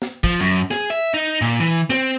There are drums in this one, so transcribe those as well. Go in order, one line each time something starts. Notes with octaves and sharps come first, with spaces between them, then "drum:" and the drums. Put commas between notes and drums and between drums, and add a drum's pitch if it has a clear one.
drum: snare
F3, drum: kick
F#2
G#4, drum: snare
E5
D#4
A#2
E3
C4, drum: snare